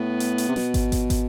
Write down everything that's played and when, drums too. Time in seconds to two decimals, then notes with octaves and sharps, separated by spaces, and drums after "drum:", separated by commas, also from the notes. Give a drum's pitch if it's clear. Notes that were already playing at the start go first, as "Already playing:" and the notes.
Already playing: A2 B3
0.20 drum: hi-hat
0.38 drum: hi-hat
0.49 C3
0.56 B2, drum: snare
0.74 drum: kick, hi-hat
0.92 drum: kick, hi-hat
1.10 drum: kick, hi-hat